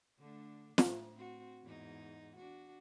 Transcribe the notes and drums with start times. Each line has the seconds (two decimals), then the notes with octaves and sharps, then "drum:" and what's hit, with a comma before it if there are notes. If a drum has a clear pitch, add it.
0.19 D3 A3 D4
0.78 A2, drum: snare
1.15 C4 F#4
1.63 E2 G#2 D#4
2.36 D4 F#4